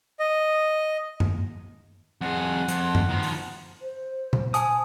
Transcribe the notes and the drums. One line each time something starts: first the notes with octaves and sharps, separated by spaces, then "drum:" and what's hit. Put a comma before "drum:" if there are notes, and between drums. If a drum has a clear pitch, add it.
D#5
drum: tom F#2
F2 G#4 F#5
F2, drum: hi-hat
drum: tom F#2
D#3 F3
drum: open hi-hat
C5
drum: tom A#2
G#5 A5 D#6, drum: hi-hat